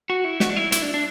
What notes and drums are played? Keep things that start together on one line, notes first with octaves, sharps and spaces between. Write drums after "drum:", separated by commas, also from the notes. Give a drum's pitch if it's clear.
F#4
E4
F#4, drum: snare
D4
E4
E4, drum: hi-hat
D4
D4